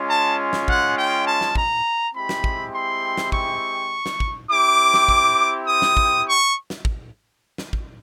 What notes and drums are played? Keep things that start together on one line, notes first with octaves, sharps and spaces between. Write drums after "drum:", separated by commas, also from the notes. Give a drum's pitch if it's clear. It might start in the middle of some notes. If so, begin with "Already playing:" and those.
Already playing: G#3 C#4 F4
A5
drum: snare
F#5, drum: kick
G5
A5
drum: snare
A#5, drum: kick
G#3 C4 E4 G4 B5
drum: snare
drum: kick
C6
drum: snare
C#6, drum: kick
drum: snare
drum: kick
C4 E4 G4 D6
drum: snare
drum: kick
D#6
drum: snare
drum: kick
C#6
drum: snare
drum: kick
drum: snare
drum: kick